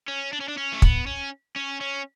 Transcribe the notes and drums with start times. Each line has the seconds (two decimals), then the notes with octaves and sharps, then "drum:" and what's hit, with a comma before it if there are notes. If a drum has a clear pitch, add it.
0.08 C#4
0.33 D4
0.41 C#4
0.48 D4
0.58 C#4
0.73 A3
0.82 B3, drum: kick
1.07 C#4
1.56 C#4
1.81 C#4